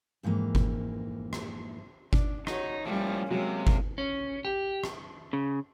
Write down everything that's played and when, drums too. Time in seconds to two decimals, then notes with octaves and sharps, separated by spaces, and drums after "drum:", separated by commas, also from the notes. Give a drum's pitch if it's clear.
0.23 F2 G#2 E3 A#3
0.55 drum: kick G1
1.33 drum: rim click
2.13 D4, drum: kick G1
2.47 D#4 F#4 C#5, drum: rim click
2.86 A2 F3 G3 A#3 C#4
3.31 C3 F#3 G#3
3.67 drum: kick G1
3.98 C#4
4.45 G4
4.84 drum: rim click
5.33 C#3